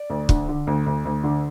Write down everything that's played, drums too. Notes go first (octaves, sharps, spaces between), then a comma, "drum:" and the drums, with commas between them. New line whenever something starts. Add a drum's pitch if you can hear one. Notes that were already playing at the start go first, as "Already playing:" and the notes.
Already playing: D5
D2
D3, drum: kick
D3
D2
D2
D2
D3